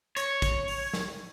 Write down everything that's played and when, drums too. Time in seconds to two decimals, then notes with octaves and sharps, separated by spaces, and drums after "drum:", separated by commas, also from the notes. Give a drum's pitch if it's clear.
0.17 C#5, drum: hi-hat
0.42 drum: kick, hi-hat
0.68 drum: open hi-hat
0.93 drum: snare